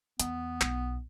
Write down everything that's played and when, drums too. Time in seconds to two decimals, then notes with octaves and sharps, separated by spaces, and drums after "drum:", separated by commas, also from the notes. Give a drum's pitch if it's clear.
0.20 E2 B3, drum: hi-hat
0.61 B1, drum: clap